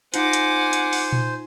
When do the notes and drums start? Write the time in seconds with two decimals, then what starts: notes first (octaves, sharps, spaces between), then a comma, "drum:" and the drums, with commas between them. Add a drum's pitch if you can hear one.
0.14 D#4 F4 C5 F#5 G#5 D6, drum: hi-hat
0.33 drum: hi-hat
0.73 drum: hi-hat
0.93 drum: open hi-hat
1.13 drum: tom A#2